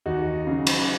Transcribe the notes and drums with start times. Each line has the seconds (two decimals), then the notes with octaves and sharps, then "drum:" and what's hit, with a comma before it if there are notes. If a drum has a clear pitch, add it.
0.06 D#2 D#4 F#4
0.47 C#3 F#3
0.67 drum: cymbal